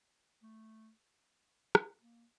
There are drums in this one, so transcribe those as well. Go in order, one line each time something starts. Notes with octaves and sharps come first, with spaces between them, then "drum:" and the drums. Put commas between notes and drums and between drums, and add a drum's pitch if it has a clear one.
A3
drum: rim click
A#3